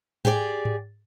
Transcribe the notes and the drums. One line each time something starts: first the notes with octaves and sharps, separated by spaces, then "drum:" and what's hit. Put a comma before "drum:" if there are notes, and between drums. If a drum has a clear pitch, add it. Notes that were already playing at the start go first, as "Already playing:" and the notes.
G4 G#4 C5 D5, drum: tom G#2
drum: tom G#2